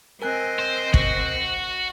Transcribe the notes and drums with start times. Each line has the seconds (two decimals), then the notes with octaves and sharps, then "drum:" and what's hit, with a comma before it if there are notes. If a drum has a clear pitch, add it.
0.22 C4 A#4 D#5 G#5 F#6
0.59 C5
0.94 F#4, drum: kick